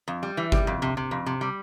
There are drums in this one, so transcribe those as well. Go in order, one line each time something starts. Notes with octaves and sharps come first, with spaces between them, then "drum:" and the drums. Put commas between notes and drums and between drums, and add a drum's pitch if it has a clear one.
F2
G3
E3
G3, drum: kick G1
F2
C3
C3
F2
C3
G3